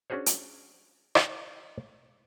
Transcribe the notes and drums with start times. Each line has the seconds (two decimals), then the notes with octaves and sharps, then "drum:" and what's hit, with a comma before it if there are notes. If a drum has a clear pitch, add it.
0.10 C#4 D4 F#4 G#4 C5 C#5
0.26 drum: hi-hat
1.15 drum: rim click